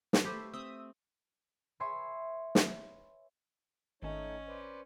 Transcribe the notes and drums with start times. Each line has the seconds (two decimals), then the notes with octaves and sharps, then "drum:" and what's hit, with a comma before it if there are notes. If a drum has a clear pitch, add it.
0.13 drum: snare
0.24 A3 G4 A4 B4 C5
0.53 C4 E5 D#6
1.80 B4 C#5 E5 G#5 C6
2.55 drum: snare
4.02 G#1 D#3 A3 C#4 D#4 C#5 D#5 G#5
4.48 B4 C5 D5